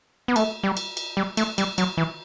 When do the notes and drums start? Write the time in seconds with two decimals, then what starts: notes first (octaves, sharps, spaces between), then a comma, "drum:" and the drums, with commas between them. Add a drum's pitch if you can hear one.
0.28 B3
0.36 A3, drum: cymbal
0.64 G3
0.77 drum: cymbal
0.97 drum: cymbal
1.17 G3
1.37 A3, drum: cymbal
1.58 G3, drum: cymbal
1.78 F#3, drum: cymbal
1.97 E3